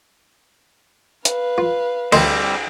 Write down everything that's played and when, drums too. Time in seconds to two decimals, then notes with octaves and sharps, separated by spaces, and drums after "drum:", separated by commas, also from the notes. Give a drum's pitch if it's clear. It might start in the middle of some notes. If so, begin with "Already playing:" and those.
1.25 B4 F5, drum: hi-hat
1.58 F4
2.12 D2 G3 C4 D#5 C6, drum: cymbal